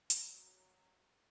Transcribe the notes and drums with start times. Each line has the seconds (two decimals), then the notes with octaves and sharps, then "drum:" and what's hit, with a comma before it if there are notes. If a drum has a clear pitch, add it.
0.10 F#3, drum: hi-hat